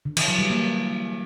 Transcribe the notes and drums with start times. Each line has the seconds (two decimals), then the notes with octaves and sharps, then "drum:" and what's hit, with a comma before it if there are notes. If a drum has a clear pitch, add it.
0.05 D3
0.17 E3, drum: cymbal
0.28 F#3
0.39 G3
0.50 A#3